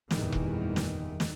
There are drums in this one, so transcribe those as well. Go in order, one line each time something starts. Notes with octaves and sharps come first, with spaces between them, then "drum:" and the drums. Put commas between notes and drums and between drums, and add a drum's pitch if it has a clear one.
F#1 E2 A#2 D#3 E3 G3, drum: snare
drum: kick E1
drum: snare
drum: snare